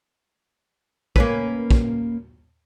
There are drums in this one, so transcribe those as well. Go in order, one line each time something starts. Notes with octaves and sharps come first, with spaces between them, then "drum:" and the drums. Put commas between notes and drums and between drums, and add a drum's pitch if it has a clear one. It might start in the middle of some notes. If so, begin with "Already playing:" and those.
A#3 C#4 B4, drum: kick
drum: kick